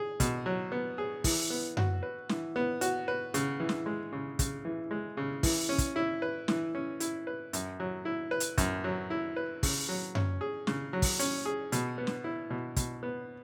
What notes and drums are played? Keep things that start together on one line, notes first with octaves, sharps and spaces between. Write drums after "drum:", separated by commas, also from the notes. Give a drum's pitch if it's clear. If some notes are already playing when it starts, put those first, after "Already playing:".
Already playing: G#4
B2, drum: kick, hi-hat
F#3
B3
G#4
E3, drum: kick, open hi-hat
B3
F#4, drum: tom F#2
B4
E3, drum: snare
B3
F#4, drum: hi-hat
B4
C#3, drum: hi-hat
E3
drum: snare
G#3
C#3
C#3, drum: kick, hi-hat
E3
G#3
C#3
E3, drum: kick, open hi-hat
C#4
drum: kick, hi-hat
E4
B4
E3, drum: snare
C#4
E4, drum: hi-hat
B4
F#2, drum: hi-hat
F#3
E4
B4
drum: hi-hat
F#2, drum: kick, hi-hat
F#3
E4
B4
C#3, drum: kick, open hi-hat
F#3
C#4, drum: tom F#2
G#4
C#3, drum: snare
F#3
drum: kick, open hi-hat
C#4, drum: hi-hat
G#4
B2, drum: hi-hat
B3
drum: snare
E4
B2
B2, drum: kick, hi-hat
B3